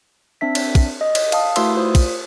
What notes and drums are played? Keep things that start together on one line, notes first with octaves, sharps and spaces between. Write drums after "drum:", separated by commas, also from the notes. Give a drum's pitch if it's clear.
C4 D4 E5 B6
drum: cymbal
drum: kick, cymbal
D#5
drum: cymbal
F5 A5 D#6, drum: cymbal
A3 E4 F#4 B4 C6 E6, drum: cymbal
F4 C5 D#6
drum: kick, cymbal